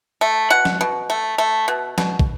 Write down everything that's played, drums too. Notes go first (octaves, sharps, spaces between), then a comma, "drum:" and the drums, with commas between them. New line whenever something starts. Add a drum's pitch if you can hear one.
A3
B2 F#5
drum: snare
B2
A3
A3
B2
B2, drum: snare
drum: kick